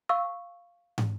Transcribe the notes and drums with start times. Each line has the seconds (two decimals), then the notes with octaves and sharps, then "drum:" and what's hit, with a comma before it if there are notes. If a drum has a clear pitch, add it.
0.09 F5 C#6 E6
0.98 drum: tom